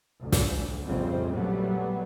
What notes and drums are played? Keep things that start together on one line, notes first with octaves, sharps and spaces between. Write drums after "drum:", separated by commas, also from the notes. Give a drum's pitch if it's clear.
D2
drum: snare
A#1 F2 A#2 C#3 G3 C4
A#2 F#3 G3 A3 B3